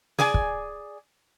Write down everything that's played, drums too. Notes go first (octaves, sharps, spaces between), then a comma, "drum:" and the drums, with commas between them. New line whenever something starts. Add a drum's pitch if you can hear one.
G#4 D5 G#5, drum: snare
drum: kick